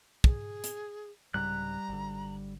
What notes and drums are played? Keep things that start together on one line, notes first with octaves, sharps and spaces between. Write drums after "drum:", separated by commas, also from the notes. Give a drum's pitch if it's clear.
G#4, drum: kick
drum: hi-hat
C2 G#2 C#3 G3 A#5 F#6
G#1 D3